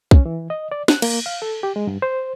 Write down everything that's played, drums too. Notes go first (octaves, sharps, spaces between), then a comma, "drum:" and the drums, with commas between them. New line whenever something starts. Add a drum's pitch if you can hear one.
C#4, drum: kick
E3
D#5
D5
F#6, drum: snare
A#3, drum: cymbal
F5
A4
G4
G#3
G2
C5